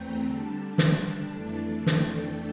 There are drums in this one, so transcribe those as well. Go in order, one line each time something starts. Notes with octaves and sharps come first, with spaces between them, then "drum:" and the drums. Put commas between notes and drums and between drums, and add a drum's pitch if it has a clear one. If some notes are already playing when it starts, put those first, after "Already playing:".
Already playing: E2 E3 A3 C4 G5 A#5
D3 G3 D4 A5
A5, drum: snare
F2 E3 A3 D4
G5, drum: snare